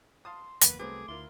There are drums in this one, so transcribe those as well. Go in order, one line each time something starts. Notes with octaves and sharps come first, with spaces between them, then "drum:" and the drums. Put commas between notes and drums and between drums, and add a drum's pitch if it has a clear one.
F5 A5 C6 D#6
F#1 E2 A#3 B4 F#5, drum: hi-hat
C2 F#3 A3 B3 C4 G#4 D6
D2 E4 F4 A#4 C6